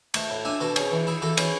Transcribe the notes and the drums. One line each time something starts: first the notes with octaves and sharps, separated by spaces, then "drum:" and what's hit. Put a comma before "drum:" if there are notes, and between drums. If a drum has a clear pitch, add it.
A3 F#5 A5, drum: cymbal
A2
D4 E5 G#5
B2 F#4 A4
C#4 G#4, drum: cymbal
E3
E4 G#4
E3 F#4 A4
C#4 G#4 B4, drum: cymbal